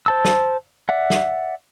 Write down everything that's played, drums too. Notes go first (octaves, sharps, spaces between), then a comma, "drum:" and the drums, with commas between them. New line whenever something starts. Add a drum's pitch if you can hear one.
C5 A5 E6
drum: snare
D5 E5 F#5
drum: snare